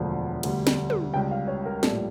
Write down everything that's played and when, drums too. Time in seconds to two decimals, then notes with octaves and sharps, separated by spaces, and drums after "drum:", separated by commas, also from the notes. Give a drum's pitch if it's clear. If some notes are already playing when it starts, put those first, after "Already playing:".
Already playing: E1 D2 D3 F3
0.43 D2 D3 G3, drum: cymbal
0.67 drum: snare
0.90 drum: tom
1.13 C#2 C#3 G3 G5
1.31 F5
1.48 C#5
1.66 A#4
1.83 A#1 A2 G3 A4, drum: snare